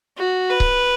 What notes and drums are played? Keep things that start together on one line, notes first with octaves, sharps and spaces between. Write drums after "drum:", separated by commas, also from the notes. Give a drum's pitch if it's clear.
F#4
B4
drum: kick C#1